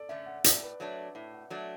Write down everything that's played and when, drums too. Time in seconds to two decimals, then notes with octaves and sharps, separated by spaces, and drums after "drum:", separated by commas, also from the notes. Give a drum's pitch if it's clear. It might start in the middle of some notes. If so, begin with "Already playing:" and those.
Already playing: A4 D5
0.09 D3 A3 C#4 E5
0.26 F#5
0.44 A2 D5, drum: hi-hat
0.63 B4
0.80 F#3 A3 D4 C#5
0.98 D5
1.15 A2 E5
1.33 F#5
1.50 F#3 A3 D4